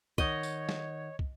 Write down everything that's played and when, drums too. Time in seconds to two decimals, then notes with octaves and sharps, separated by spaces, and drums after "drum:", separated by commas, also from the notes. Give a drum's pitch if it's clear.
0.18 D#3 C#5 D#5 F#5 G6, drum: kick
0.43 drum: tambourine
0.69 drum: snare
1.19 drum: kick